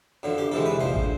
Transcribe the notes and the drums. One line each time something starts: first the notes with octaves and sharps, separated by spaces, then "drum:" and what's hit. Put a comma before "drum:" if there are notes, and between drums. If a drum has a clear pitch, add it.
F#2 D3 F3
G4
F2 C3 E3 G#3 A4
B4
A#1 A#2 F3 C5
drum: kick A1